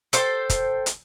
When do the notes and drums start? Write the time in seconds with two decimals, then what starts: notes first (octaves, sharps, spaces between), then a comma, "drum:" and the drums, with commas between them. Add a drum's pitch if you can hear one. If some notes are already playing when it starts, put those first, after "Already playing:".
0.13 A4 C5 G5, drum: hi-hat
0.50 drum: kick, hi-hat
0.86 drum: hi-hat